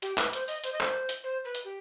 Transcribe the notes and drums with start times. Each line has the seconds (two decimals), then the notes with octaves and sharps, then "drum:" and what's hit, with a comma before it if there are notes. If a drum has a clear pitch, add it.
0.02 G4, drum: hi-hat
0.18 B4, drum: clap
0.33 C5, drum: hi-hat
0.48 D#5, drum: open hi-hat
0.64 C5, drum: hi-hat
0.73 D#5
0.81 C5, drum: clap
1.09 drum: hi-hat
1.24 C5
1.45 B4
1.55 drum: hi-hat
1.65 G4